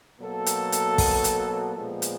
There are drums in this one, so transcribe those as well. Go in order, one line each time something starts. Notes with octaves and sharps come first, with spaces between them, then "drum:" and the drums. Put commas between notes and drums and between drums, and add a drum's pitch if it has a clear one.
B2 F#3 A#3 A4
drum: hi-hat
drum: hi-hat
drum: kick, open hi-hat
drum: hi-hat
A#2 F3 G#3 B3
drum: hi-hat